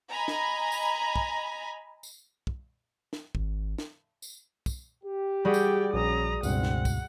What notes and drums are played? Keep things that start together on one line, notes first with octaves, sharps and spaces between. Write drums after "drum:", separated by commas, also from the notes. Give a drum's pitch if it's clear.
D#5 G#5 A#5 B5
drum: snare
drum: tambourine
drum: kick
drum: tambourine
drum: kick
drum: snare
G#1, drum: kick
drum: snare
drum: tambourine
drum: kick, tambourine
G4
G3 F#4 G#4 D5 G5
drum: tambourine
A#1 C#4 A#5 D#6
C#2 G2 B2 C4 F#5, drum: tambourine
drum: snare
drum: kick, tambourine